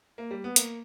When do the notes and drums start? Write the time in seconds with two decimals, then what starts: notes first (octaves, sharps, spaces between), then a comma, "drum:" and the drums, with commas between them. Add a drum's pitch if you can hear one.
0.18 A#3
0.31 G3
0.44 B3
0.56 A#3, drum: hi-hat